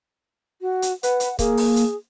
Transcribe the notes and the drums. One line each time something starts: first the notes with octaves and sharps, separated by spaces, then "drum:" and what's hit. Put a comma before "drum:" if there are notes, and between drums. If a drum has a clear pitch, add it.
F#4
drum: hi-hat
B4 F#5, drum: hi-hat
drum: hi-hat
A#3 G#4, drum: kick C#1, hi-hat
drum: open hi-hat
drum: hi-hat